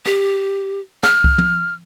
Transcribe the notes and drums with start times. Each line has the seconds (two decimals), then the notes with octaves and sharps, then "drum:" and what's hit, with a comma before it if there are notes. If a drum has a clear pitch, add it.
0.06 G4, drum: rim click
1.03 F6, drum: snare
1.24 drum: kick C2
1.38 drum: tom